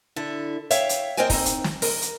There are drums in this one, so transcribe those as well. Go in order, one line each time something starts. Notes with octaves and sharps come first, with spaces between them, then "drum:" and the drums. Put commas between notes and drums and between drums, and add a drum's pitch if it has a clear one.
D3 E4 A4
C#5 E5 F5 G5, drum: hi-hat
drum: hi-hat
C4 A#4 C5 D#5 G5 G#5
C4 D#4, drum: kick, open hi-hat
drum: hi-hat
drum: snare
A#4, drum: open hi-hat
drum: hi-hat